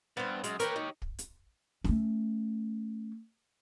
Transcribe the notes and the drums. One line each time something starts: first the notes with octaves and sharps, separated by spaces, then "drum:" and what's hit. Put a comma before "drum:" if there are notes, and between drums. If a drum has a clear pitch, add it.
G2 B3 C4
F#2 G#3, drum: hi-hat
G4 A#4 B4 C#5 G5, drum: hi-hat
D#4
drum: kick
drum: hi-hat
A3 C#4, drum: snare